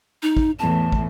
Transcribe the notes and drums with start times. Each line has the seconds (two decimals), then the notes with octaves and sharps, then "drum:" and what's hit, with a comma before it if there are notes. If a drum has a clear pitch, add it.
0.23 D#4
0.37 drum: kick
0.59 E2 A2 A5
0.92 drum: kick